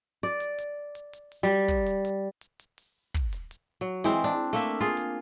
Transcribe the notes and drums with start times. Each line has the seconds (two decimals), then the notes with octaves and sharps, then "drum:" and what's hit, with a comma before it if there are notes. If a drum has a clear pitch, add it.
0.23 D5
0.40 drum: hi-hat
0.59 drum: hi-hat
0.95 drum: hi-hat
1.13 drum: hi-hat
1.32 drum: open hi-hat
1.43 G3
1.68 drum: kick, open hi-hat
1.86 drum: hi-hat
2.05 drum: hi-hat
2.41 drum: hi-hat
2.60 drum: hi-hat
2.78 drum: open hi-hat
3.14 drum: kick, open hi-hat
3.33 drum: hi-hat
3.51 drum: hi-hat
3.81 F#3
4.04 E3 G#3 C4, drum: hi-hat
4.24 D4
4.53 A3 A#3 E5
4.80 F4 G#4, drum: hi-hat
4.97 drum: hi-hat